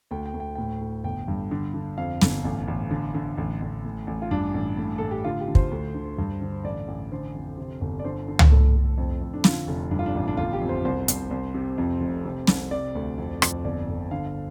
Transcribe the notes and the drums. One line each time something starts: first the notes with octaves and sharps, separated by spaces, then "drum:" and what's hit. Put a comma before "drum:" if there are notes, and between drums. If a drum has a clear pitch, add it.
D2 G5
G5
D2
G5
A2 G5
A2
G1 G5
G2
D3
D3
F2 F5
G1, drum: snare
A1
A1
D3
D3
A1
A1
A2
A1
F4
G2 D4
A1
A2
A2 A4
G4
D3 F4
G4
D3
C5, drum: kick
D2
D3
G2
D3
A1 D5
A1
D3 C5
F2
C3
G1
D5
D3 C5
D3
drum: tom
A2 A4
A2
F2
F2
D4
D3 F4, drum: snare
F1
G2 D4
F4
D4
A1
D4
G1 F4
G4
F2
C5
C2 C5
C2, drum: hi-hat
C2
C3
F2
F1
C3
C2, drum: snare
C3 D5
D2
F2
F2, drum: rim click
G1 D5
G1
D3 F5
F5